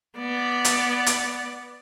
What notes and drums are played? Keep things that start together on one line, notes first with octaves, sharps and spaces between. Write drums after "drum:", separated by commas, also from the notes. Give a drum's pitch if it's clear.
B3 D5
drum: hi-hat
drum: hi-hat